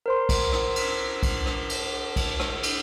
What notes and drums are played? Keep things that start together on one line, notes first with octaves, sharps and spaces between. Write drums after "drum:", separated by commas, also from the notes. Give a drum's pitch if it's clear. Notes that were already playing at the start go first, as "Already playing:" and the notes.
A#4 C5 C6
drum: kick B1, cymbal
drum: rim click
drum: cymbal
drum: kick B1, cymbal
drum: rim click
drum: cymbal
drum: kick B1, cymbal
drum: rim click
drum: cymbal